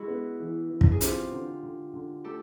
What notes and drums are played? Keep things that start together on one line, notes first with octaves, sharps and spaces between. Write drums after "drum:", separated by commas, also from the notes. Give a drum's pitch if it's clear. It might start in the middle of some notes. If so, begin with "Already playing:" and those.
Already playing: G#3 E4 F#4
B3
E3
E3
drum: kick
G#4
C4 F4 G4, drum: hi-hat
D3
D3
D3
A3 G4 A4